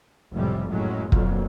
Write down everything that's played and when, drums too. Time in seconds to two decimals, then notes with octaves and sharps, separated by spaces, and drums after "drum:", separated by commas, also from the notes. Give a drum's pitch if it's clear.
0.34 F1 B1 A2 C3 G3 G#3
0.67 F#2 A2 F#3 G#3 C#4
1.12 B1 F2 A#2 D3 F#3 A#3, drum: kick